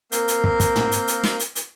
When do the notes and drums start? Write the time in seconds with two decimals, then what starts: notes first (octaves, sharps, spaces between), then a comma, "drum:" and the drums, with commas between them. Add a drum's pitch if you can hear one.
0.12 A#3 C4 A#4 F5 G6, drum: hi-hat
0.28 drum: hi-hat
0.44 drum: kick
0.60 drum: kick, hi-hat
0.76 drum: tom
0.92 drum: hi-hat
1.08 drum: hi-hat
1.23 drum: snare
1.39 drum: hi-hat
1.55 drum: hi-hat